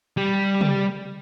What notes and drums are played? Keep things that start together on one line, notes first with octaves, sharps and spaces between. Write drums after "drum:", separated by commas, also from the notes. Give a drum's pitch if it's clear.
G3 G4
drum: tom